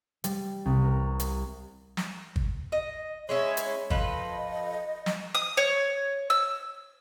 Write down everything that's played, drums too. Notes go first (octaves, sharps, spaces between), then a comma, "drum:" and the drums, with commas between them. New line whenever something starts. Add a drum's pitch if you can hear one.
G3, drum: hi-hat
C2
A#4
drum: hi-hat
drum: snare
drum: kick
D#5
G#3 C#4 E4 C#5
drum: hi-hat
F3 A4 B4 D#5, drum: kick
drum: snare
D#6
C#5
E6